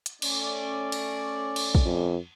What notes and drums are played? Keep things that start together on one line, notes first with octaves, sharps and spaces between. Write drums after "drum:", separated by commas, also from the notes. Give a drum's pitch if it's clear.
drum: hi-hat
A3 C#4 D5, drum: cymbal
drum: cymbal
drum: cymbal
drum: kick
F2